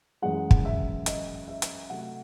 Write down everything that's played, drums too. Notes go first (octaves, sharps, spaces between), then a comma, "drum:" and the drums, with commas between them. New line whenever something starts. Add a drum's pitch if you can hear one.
F#2 E3 G#3 F#5
drum: kick
E5
D#5, drum: hi-hat
E5
drum: hi-hat
C3 F#3 A3 F#5